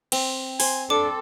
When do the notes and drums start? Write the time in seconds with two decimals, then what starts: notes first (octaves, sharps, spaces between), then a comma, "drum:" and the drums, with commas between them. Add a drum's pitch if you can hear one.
0.12 C4, drum: cymbal
0.60 C5 G#5, drum: open hi-hat
0.90 D4 A4 D6